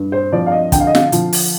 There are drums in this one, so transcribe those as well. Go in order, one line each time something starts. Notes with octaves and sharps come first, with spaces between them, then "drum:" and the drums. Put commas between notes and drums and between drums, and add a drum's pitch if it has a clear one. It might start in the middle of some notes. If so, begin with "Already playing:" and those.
Already playing: G2
C5
F3 D5
F5
D#5
D3 G5, drum: kick, hi-hat
F5
D#5
F5, drum: snare
F3, drum: hi-hat
drum: open hi-hat